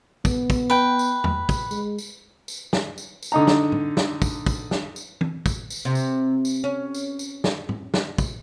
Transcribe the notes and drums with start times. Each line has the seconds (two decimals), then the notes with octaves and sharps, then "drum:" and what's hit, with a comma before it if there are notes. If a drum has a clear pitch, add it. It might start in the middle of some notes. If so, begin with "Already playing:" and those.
0.25 B3, drum: kick, tambourine
0.50 drum: kick, tambourine
0.70 B4 G5
0.99 drum: tambourine
1.24 drum: tom E2
1.49 drum: kick, tambourine
1.71 G#3, drum: tambourine
1.98 drum: tambourine
2.48 drum: tambourine
2.73 drum: snare
2.98 drum: tambourine
3.22 drum: tambourine
3.32 D3 D#4 A#5
3.47 drum: snare
3.72 drum: tom
3.97 drum: snare
4.22 drum: kick, tambourine
4.46 drum: kick, tambourine
4.71 drum: snare
4.96 drum: tambourine
5.21 drum: tom
5.46 drum: kick, tambourine
5.70 drum: tambourine
5.85 C3
5.95 drum: tambourine
6.45 drum: tambourine
6.64 C#4
6.94 drum: tambourine
7.19 drum: tambourine
7.44 drum: snare
7.69 drum: tom
7.94 drum: snare
8.18 drum: kick, tambourine